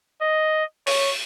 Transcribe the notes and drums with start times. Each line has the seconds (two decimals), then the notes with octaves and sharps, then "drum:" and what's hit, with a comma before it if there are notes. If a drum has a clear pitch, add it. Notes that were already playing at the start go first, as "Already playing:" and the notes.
0.21 D#5
0.87 C#5, drum: open hi-hat